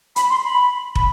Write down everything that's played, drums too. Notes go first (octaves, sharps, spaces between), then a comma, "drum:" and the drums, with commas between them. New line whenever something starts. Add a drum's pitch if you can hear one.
B5, drum: hi-hat
C6
B5
B5, drum: kick